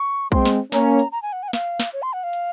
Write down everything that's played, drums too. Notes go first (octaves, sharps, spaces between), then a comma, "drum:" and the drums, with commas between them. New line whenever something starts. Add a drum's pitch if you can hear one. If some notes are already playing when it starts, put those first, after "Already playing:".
Already playing: C#6
G#3 C4 C6, drum: kick
drum: snare
A#3 C#4 A#5, drum: snare
drum: hi-hat
A#5
G#5
F#5
G#5
F#5
F5, drum: snare
drum: snare
C#5
C6
F#5
F5
drum: hi-hat